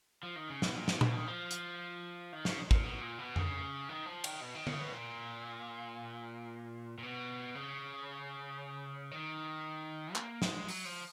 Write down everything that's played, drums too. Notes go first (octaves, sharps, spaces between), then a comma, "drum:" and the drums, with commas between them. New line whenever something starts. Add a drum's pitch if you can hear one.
F3
D#3
C#3
B2, drum: snare
A#2
B2, drum: snare
B2, drum: tom A#2
D#3
F3
drum: hi-hat
D#3
C#3, drum: snare
A#2, drum: kick
B2
A#2
B2
C#3, drum: tom F2
D#3
F3
D#3, drum: cymbal
B2
D#3
C#3, drum: tom D3
B2
A#2
A#2
B2
C#3
D#3
A#3, drum: clap
G#3, drum: snare
F#3, drum: open hi-hat
F3